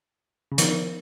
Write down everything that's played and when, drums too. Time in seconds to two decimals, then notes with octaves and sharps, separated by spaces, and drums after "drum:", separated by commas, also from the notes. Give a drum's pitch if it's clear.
0.52 C#3
0.58 D#3 F3 B3 D#4 A#4, drum: hi-hat